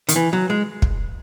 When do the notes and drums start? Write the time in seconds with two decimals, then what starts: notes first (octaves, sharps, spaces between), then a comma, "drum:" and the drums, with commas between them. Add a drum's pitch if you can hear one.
0.09 D#3, drum: hi-hat
0.16 E3
0.33 F#3
0.50 G#3
0.82 drum: kick